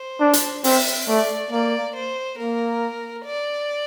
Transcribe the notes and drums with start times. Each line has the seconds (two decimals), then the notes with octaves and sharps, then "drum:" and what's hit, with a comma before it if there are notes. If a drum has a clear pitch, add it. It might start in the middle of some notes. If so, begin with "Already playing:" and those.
Already playing: C5
0.20 D4
0.33 drum: hi-hat
0.64 C4 E5, drum: open hi-hat
1.08 A3 D5
1.51 A#3 D5
1.95 C5
2.38 A#3 A#4
3.25 D5